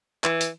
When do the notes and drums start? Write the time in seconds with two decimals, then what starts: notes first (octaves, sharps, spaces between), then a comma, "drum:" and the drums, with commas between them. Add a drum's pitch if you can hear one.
0.24 E3, drum: clap
0.41 drum: hi-hat